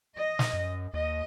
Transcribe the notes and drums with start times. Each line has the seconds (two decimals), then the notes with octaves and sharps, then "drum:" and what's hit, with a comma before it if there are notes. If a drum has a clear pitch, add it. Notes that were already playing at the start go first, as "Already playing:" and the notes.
0.16 D#5
0.39 drum: snare
0.53 F#2
0.94 D#2 D#5